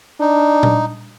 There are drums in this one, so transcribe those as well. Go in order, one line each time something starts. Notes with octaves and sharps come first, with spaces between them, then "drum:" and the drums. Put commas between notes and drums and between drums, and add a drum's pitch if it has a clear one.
D4 D#4
drum: tom A#2